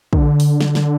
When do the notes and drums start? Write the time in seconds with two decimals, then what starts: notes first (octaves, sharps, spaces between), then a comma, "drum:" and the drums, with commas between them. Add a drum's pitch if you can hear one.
0.13 D#3, drum: kick
0.17 D3
0.40 drum: open hi-hat
0.60 drum: snare
0.75 drum: snare